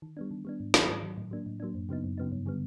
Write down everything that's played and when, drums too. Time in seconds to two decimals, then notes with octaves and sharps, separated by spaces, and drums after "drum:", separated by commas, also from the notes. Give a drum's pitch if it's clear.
0.02 D#3
0.17 G3 B3 D4
0.31 D#3
0.45 G3 B3 D4
0.60 G#2
0.74 D#3 F#3, drum: snare
0.88 G#2
1.03 D#3 F#3
1.17 A2
1.31 F#3 A#3 D4
1.46 A2
1.60 F#3 A#3 D4
1.75 F#2
1.89 C#3 F#3 B3 D#4
2.04 F#2
2.18 C#3 F#3 B3 D#4
2.32 G2
2.46 D3 G3 B3